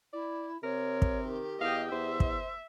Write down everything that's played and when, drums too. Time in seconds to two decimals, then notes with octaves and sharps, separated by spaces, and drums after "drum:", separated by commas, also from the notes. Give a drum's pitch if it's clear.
0.13 E4 D5
0.63 C3 A#4 C#5
1.02 drum: kick
1.22 D#3 G4
1.61 E2 D#5 F5 G5
1.92 E2 C5 E5
2.20 drum: kick